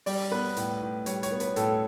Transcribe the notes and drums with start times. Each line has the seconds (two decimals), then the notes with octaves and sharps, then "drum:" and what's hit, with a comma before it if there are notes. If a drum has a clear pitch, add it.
0.06 G3 D5, drum: open hi-hat
0.32 B3 B4
0.57 A2, drum: hi-hat
0.82 A2
1.06 G3 C#5, drum: hi-hat
1.23 C#5, drum: hi-hat
1.31 B3
1.40 B4, drum: hi-hat
1.56 A2 A4, drum: hi-hat